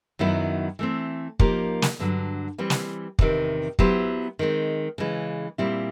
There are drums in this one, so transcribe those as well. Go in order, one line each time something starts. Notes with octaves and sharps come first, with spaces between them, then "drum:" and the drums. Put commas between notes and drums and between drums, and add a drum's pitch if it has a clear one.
F#2 D#3 F#3 B3 E4
E3 A3 C4
F3 A#3 D#4 G4 A#4, drum: kick
drum: snare
G2 D3 F#3
E3 G3 C4
drum: snare
E2 C3 D#3, drum: kick
F#3 B3 E4 G4 C5, drum: kick
D#3 G#3 C4
C#3 E3 G#3
A#2 G3 C4 E4